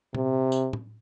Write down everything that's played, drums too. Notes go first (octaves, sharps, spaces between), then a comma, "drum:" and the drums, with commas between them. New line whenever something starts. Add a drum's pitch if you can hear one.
C3, drum: tom A#2
drum: tambourine
drum: tom